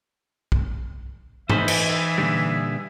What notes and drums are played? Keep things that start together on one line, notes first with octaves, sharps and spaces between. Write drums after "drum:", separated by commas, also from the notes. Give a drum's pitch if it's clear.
drum: kick
E3 D#4 G#4 B4 C5 E5, drum: tom G#2
drum: cymbal
A#2 D3 G3